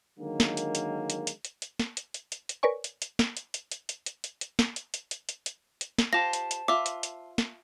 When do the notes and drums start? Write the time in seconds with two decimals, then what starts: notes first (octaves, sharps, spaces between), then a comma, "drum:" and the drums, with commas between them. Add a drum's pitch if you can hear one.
0.18 D3 D#3 F#3 G#3 A#3
0.40 drum: snare
0.57 drum: hi-hat
0.75 drum: hi-hat
1.10 drum: hi-hat
1.27 drum: hi-hat
1.45 drum: hi-hat
1.62 drum: hi-hat
1.79 drum: snare
1.97 drum: hi-hat
2.14 drum: hi-hat
2.32 drum: hi-hat
2.49 drum: hi-hat
2.63 A#4 B4 C#5 D5 G#5 C#6
2.84 drum: hi-hat
3.02 drum: hi-hat
3.19 drum: snare
3.37 drum: hi-hat
3.54 drum: hi-hat
3.72 drum: hi-hat
3.89 drum: hi-hat
4.06 drum: hi-hat
4.24 drum: hi-hat
4.41 drum: hi-hat
4.59 drum: snare
4.76 drum: hi-hat
4.94 drum: hi-hat
5.11 drum: hi-hat
5.29 drum: hi-hat
5.46 drum: hi-hat
5.81 drum: hi-hat
5.98 drum: snare
6.13 F4 G4 C5 A5 A#6
6.33 drum: hi-hat
6.51 drum: hi-hat
6.68 F4 E5 D6
6.86 drum: hi-hat
7.03 drum: hi-hat
7.38 drum: snare